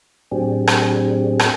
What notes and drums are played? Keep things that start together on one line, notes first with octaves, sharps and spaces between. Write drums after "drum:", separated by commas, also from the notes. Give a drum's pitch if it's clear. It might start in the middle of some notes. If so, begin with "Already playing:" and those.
A2 F#3 C4 D4 G4 G#4
drum: rim click
drum: rim click